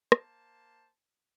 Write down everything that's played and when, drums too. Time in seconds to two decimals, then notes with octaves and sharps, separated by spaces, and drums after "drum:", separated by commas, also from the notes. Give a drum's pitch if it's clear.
0.12 A#3 C5 A5, drum: rim click